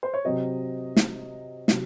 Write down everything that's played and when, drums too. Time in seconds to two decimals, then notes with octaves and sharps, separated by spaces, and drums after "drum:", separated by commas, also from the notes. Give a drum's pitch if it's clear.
0.03 C5
0.14 C#5
0.25 C3 F#3 C4 D#5
0.97 drum: snare
1.68 C3 F#3, drum: snare